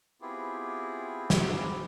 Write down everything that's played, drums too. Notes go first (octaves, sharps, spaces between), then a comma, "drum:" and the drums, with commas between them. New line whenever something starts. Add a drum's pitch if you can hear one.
B3 C4 E4 F4 G4 G#4
drum: snare